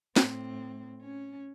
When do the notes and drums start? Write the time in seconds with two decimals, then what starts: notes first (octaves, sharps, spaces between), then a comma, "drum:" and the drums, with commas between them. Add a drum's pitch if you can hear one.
0.16 A2 C4, drum: snare
1.02 C#4